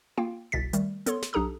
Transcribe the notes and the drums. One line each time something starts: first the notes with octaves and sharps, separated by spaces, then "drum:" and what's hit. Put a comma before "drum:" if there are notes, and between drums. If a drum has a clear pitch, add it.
A#3 F4 F5 G5
G1 C2 B2 A6 B6
D#3 G3 A3, drum: hi-hat
B3 A4 C#5 C6, drum: hi-hat
drum: snare
B1 D4 G4 A4 A#5 D#6